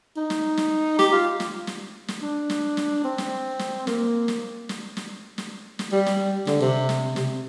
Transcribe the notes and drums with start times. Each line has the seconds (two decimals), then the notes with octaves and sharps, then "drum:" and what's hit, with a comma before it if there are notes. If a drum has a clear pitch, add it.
0.17 D#4
0.30 drum: snare
0.57 drum: snare
0.99 G4, drum: snare
1.12 F4
1.40 drum: snare
1.67 drum: snare
2.08 drum: snare
2.22 D4
2.50 drum: snare
2.77 drum: snare
3.04 C4
3.18 drum: snare
3.59 drum: snare
3.87 A#3, drum: snare
4.28 drum: snare
4.69 drum: snare
4.97 drum: snare
5.38 drum: snare
5.79 drum: snare
5.92 G3
6.06 drum: snare
6.47 D3, drum: snare
6.61 C3
6.89 drum: snare
7.16 C3, drum: snare